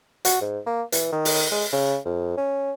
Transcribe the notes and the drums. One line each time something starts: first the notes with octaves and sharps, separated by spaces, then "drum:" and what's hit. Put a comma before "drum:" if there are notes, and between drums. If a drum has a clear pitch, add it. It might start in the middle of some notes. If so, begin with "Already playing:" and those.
F#4, drum: hi-hat
G#2
A#3
E3, drum: hi-hat
D#3
drum: open hi-hat
G#3
C#3
F2
C#4